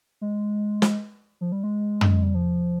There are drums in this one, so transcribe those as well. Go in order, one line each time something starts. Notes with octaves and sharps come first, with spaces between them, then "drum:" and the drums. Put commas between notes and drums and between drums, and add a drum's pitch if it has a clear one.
G#3
drum: snare
F3
G3
G#3
drum: tom
G3
F3